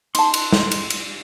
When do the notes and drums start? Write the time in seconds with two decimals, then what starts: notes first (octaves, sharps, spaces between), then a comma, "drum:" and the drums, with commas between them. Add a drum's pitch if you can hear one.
0.15 D#4 A5 C6, drum: cymbal
0.34 drum: cymbal
0.53 drum: snare
0.71 drum: cymbal
0.90 drum: cymbal